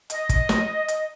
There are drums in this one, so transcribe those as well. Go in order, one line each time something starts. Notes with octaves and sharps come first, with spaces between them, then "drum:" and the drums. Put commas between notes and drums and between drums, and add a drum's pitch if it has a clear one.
D#5, drum: hi-hat
drum: kick, hi-hat
drum: snare
drum: hi-hat